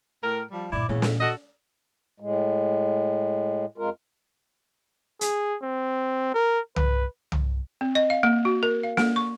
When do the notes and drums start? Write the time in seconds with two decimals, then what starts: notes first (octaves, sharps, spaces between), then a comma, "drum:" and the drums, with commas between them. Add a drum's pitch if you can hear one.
0.24 A2 A#4
0.52 F3 G3
0.73 G2 A#2 E4 D5
0.89 E2 A#2 C#3 E3
1.02 drum: snare
1.21 F#4 A4 D#5
2.20 A2 G#3
3.78 F2 G#3 F4 A#4
5.21 G#4, drum: hi-hat
5.63 C4
6.34 A#4
6.76 B4, drum: tom C2
7.32 drum: tom C2
7.81 C4
7.95 D#5
8.10 F5
8.23 A#3
8.45 F#4
8.63 A#4
8.83 F5
8.97 A#3, drum: snare
9.16 C#6